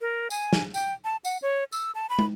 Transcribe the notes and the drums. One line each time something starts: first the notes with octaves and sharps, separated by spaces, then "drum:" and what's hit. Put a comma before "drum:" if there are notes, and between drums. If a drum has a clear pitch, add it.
A#4
G#5, drum: tambourine
drum: snare
G5, drum: tambourine
A5
F#5, drum: tambourine
C#5
E6, drum: tambourine
A5
B5
drum: tom